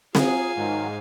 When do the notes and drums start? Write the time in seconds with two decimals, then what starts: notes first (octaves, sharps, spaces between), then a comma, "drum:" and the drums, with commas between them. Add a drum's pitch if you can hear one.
0.15 F#3 F4 G#4 F5 G#5, drum: snare C4
0.56 G#2 D#3 F#3